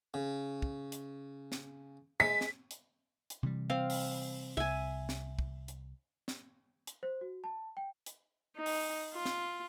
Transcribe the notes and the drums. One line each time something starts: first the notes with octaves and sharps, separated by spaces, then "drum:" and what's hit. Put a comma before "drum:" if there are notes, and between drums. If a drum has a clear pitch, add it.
C#3
drum: kick
drum: hi-hat
drum: snare
G#3 B6
drum: snare
drum: hi-hat
drum: hi-hat
C3 E3 G3
C4 F5
drum: open hi-hat
C2 E5 G#5
drum: snare
drum: kick
drum: hi-hat
drum: snare
drum: hi-hat
C5
F#4
A5
G5
drum: hi-hat
D#4
drum: open hi-hat
F4
drum: snare